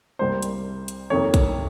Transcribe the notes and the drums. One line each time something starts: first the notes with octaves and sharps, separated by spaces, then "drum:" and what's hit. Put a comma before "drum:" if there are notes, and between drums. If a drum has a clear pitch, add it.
C2 C3 G3 A#3 C5
drum: hi-hat
drum: hi-hat
F2 C3 D#3 A#3 C#5
drum: kick, hi-hat